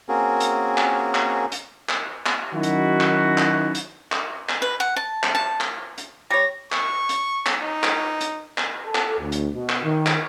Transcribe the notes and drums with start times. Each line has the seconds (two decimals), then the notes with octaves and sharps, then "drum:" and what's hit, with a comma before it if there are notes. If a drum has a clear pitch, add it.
0.09 A#3 C4 C#4 F#4 G#4 A#4
0.40 drum: hi-hat
0.77 drum: clap
1.15 drum: clap
1.52 drum: hi-hat
1.89 drum: clap
2.26 drum: clap
2.54 D#3 F#3 C#4 D#4 E4 F#4
2.63 drum: hi-hat
3.00 drum: clap
3.38 drum: clap
3.75 drum: hi-hat
4.12 drum: clap
4.49 drum: clap
4.62 B4
4.80 F#5
4.96 A5
5.23 drum: clap
5.35 A5
5.61 drum: clap
5.98 drum: hi-hat
6.30 G3 C#5 A#6
6.72 C#6, drum: clap
7.09 drum: hi-hat
7.46 drum: clap
7.61 D#4
7.83 drum: clap
8.21 drum: hi-hat
8.58 drum: clap
8.85 A4
8.95 drum: clap
9.19 D2
9.32 drum: hi-hat
9.54 B2
9.69 drum: clap
9.84 D#3
10.06 drum: clap